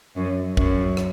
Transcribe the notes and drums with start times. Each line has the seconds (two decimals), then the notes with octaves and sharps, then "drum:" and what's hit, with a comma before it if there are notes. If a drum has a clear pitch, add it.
0.16 F#2
0.57 F#2, drum: kick
0.97 drum: rim click